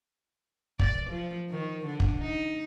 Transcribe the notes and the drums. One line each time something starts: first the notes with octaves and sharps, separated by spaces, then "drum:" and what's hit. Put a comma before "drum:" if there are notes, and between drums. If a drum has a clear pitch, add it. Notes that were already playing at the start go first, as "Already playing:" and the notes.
D5, drum: kick
F3
D#3
D3
drum: kick
D#4